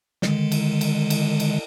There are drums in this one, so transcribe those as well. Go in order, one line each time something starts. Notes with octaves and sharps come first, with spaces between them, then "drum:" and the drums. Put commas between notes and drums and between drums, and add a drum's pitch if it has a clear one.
D3 D#3 G#3, drum: snare
drum: cymbal
drum: cymbal
drum: cymbal
drum: cymbal